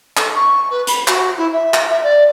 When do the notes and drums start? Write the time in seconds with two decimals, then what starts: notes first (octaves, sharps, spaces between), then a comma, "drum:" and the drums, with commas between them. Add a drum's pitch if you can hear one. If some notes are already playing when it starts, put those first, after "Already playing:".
0.17 A4, drum: clap
0.35 C#6
0.70 B4
0.87 B5, drum: hi-hat
1.08 F#4, drum: clap
1.37 E4
1.52 E5
1.74 drum: clap
1.89 E5
2.03 D5